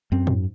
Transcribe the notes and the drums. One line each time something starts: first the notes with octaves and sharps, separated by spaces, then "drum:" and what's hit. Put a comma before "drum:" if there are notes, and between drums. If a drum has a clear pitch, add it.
F#2 C4
drum: tom G#2